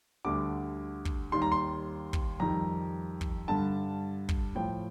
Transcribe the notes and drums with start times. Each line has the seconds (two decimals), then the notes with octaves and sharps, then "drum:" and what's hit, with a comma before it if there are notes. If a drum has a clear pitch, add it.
0.25 D2 D3 G3 D6
1.05 drum: kick
1.32 D#2 D#3 G3 C6
1.42 A#5
1.52 C6
2.13 drum: kick
2.40 F2 D#3 G3 A#5
3.21 drum: kick
3.48 G2 D3 G3 A5
4.29 drum: kick
4.55 A2 F3 G5